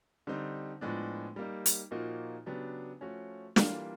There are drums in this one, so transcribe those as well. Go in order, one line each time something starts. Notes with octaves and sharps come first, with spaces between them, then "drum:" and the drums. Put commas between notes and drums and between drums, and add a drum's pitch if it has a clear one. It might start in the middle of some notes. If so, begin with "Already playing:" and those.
D3 G3 C4 D#4
A2 F3 G#3 B3 D4
G3 A#3 D#4
drum: hi-hat
A#2 F3 A#3 D#4 F#4
C#3 F#3 B3 D4 G4
F3 A3 C#4 F#4
E3 G3 A#3 D4 F4, drum: snare